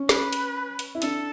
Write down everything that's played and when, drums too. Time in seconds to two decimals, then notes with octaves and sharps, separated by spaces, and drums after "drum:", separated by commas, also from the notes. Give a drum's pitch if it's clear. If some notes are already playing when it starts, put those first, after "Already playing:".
Already playing: C#4
0.09 B4, drum: snare
0.33 drum: hi-hat
0.79 drum: hi-hat
0.95 E4
1.02 D4 A4, drum: hi-hat